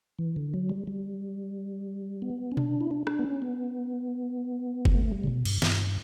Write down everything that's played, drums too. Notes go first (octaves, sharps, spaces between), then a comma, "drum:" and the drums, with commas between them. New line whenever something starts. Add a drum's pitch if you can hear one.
E3
D3
F#3
G3
G3
B3
C#4
D4, drum: tom B2
E4
D4
D4, drum: rim click
B3
C#4
B3
drum: kick F#1
A3
G3
C#3
B2
G2, drum: cymbal
G2, drum: snare